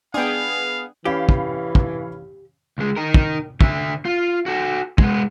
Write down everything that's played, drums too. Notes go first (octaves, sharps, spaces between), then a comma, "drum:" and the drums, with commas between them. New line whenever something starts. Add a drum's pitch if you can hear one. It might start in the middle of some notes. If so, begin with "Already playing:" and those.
B3 D4 G#4 F5 G5
E3 C#4 G4 F5 B5
drum: kick
drum: kick
C#2 G#3
D#4 A#4
drum: kick
D3 E5, drum: kick
F4
F#4 A4
G#3 B3, drum: kick